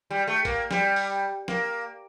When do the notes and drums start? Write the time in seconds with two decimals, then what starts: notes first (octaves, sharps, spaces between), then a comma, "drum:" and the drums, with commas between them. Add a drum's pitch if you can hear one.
0.11 G3
0.27 A3
0.45 A#3, drum: kick A1, hi-hat
0.71 G3, drum: snare
0.96 drum: open hi-hat
1.48 A#3, drum: snare